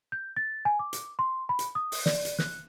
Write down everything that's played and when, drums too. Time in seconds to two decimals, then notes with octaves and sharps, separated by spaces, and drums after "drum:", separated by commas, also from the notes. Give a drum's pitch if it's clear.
0.12 G6
0.37 A6
0.65 G#5
0.79 D6
0.93 drum: hi-hat
1.19 C6
1.49 B5
1.59 drum: hi-hat
1.75 D#6
1.92 drum: open hi-hat
2.06 D5, drum: snare
2.25 drum: hi-hat
2.39 F#6, drum: snare